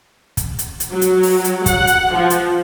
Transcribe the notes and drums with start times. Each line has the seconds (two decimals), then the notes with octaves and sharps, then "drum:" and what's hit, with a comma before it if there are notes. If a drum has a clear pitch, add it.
0.37 drum: kick, hi-hat
0.59 drum: hi-hat
0.80 drum: hi-hat
0.91 F#3
1.01 drum: hi-hat
1.23 drum: open hi-hat
1.44 drum: hi-hat
1.66 F#5, drum: kick, hi-hat
1.87 drum: hi-hat
2.12 F3
2.30 drum: hi-hat